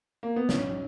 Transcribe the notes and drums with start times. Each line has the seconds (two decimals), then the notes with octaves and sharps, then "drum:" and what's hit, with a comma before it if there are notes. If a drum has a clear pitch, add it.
0.23 A#3
0.36 B3
0.49 B1 C#4, drum: snare